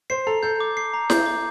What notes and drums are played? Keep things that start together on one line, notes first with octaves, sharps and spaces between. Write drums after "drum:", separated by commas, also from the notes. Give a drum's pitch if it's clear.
C5 C7
A4 A#5
A4 G6
D6
C7
A#5
G6, drum: snare E4
D6